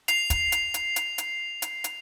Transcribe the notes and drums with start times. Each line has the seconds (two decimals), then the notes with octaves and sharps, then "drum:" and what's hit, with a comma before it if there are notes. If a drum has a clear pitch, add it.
0.08 C7 F7, drum: hi-hat
0.30 drum: kick, hi-hat
0.52 drum: hi-hat
0.74 drum: hi-hat
0.96 drum: hi-hat
1.18 drum: hi-hat
1.62 drum: hi-hat
1.84 drum: hi-hat